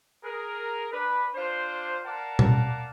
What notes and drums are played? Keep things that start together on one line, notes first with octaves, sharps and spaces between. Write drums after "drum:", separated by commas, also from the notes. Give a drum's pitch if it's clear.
G#4 A#4
D4 B4
D4 F4 C5
A#4 D5 F5 F#5 A5
drum: tom B2